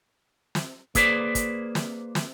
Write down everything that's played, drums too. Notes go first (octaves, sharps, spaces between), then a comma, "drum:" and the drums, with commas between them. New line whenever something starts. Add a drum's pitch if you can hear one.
drum: snare
A#3 G#4 B4 C5 D5, drum: kick, hi-hat
drum: kick, hi-hat
drum: snare
drum: snare